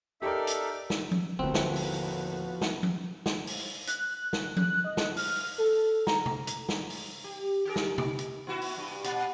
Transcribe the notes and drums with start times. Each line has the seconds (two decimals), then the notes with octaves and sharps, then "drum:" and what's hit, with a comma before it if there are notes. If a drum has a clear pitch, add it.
0.22 D#4 G4 A4 A#4 D5 E5
0.47 drum: hi-hat
0.90 drum: snare
1.11 drum: tom F3
1.39 D#2 A2 D3 F3 A3 B3 C4 F#4
1.54 drum: snare
1.76 drum: open hi-hat
2.61 drum: snare
2.83 drum: tom F3
3.26 drum: snare
3.47 drum: open hi-hat
3.87 F#6, drum: hi-hat
4.33 drum: snare
4.57 F#6, drum: tom F3
4.84 D#5
4.97 drum: snare
5.17 F6, drum: open hi-hat
5.58 A4
6.07 A#5, drum: snare
6.26 drum: tom C3
6.47 drum: hi-hat
6.69 drum: snare
6.90 drum: open hi-hat
7.24 G4
7.65 G4 G#4 A#4
7.76 drum: snare
7.98 D#4, drum: tom C3
8.19 drum: hi-hat
8.47 B3 E4 F#4
8.61 drum: open hi-hat
8.77 G2
9.04 A#2, drum: hi-hat